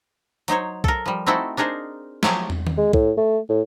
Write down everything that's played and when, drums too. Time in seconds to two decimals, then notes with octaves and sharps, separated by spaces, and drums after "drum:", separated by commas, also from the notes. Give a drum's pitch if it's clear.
0.48 F#3 D#4 C5 C#5, drum: hi-hat
0.84 A4 A#4, drum: kick
1.06 F3 G3
1.26 A3 C4 D#4 E4 F#4 A4
1.57 D4 D#4 G#4 A#4 C5
2.23 F3 F#3 A3 G4 G#4, drum: snare
2.50 drum: tom
2.67 drum: tom D#3
2.77 G#3
2.93 A2, drum: kick
3.17 A3
3.49 A2